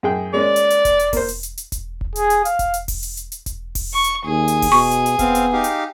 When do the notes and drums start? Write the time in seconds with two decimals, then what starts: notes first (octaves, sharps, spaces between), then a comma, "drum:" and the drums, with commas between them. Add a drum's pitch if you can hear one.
0.03 F#2 G#4 G5
0.33 G#3 A#3 C#4 D5
0.56 drum: hi-hat
0.70 drum: hi-hat
0.85 drum: kick E1, hi-hat
0.99 drum: hi-hat
1.13 A#3 C5, drum: kick E1, open hi-hat
1.28 drum: hi-hat
1.43 drum: hi-hat
1.57 drum: hi-hat
1.72 drum: kick E1, hi-hat
2.01 drum: kick E1
2.16 G#4, drum: hi-hat
2.30 drum: hi-hat
2.45 F5, drum: hi-hat
2.59 drum: kick E1, hi-hat
2.74 drum: hi-hat
2.88 drum: kick E1, open hi-hat
3.03 drum: hi-hat
3.17 drum: hi-hat
3.32 drum: hi-hat
3.46 drum: kick E1, hi-hat
3.75 drum: kick E1, open hi-hat
3.94 C#6
4.04 drum: hi-hat
4.25 D#2 G#4
4.48 drum: hi-hat
4.62 drum: kick E1, open hi-hat
4.72 B2 C#6
4.91 drum: hi-hat
5.06 drum: hi-hat
5.19 B3 C4 F5, drum: kick E1, hi-hat
5.35 drum: hi-hat
5.53 D#4 G4 F5
5.64 drum: hi-hat